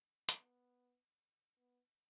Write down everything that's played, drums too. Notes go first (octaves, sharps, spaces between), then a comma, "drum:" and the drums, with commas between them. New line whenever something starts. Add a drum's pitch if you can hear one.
B3, drum: hi-hat
B3